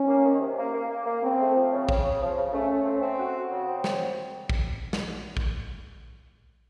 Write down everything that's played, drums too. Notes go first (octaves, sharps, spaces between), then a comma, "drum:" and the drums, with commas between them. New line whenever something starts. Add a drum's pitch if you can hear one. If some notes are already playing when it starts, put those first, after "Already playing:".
Already playing: C#4
A#3
D#3
C3
A#3
A#3
A#3
A#3
C#3 C4
A3
F3
C#3
C#3, drum: kick
C#3
F3
C#3
A3 C#4
A3
C4
C4
F#4
F#4
C#3
C4
drum: snare
drum: kick
drum: snare
drum: kick